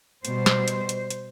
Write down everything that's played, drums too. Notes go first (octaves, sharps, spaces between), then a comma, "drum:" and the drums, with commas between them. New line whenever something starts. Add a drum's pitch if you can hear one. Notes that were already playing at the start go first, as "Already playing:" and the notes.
B2 G3 C5, drum: hi-hat
drum: snare
drum: hi-hat
drum: hi-hat
drum: hi-hat